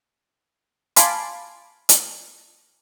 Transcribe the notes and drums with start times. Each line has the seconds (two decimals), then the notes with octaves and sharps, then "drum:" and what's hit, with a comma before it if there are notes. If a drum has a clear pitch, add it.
0.96 F5 G#5 A5 B5 C6 D6, drum: hi-hat
1.89 drum: hi-hat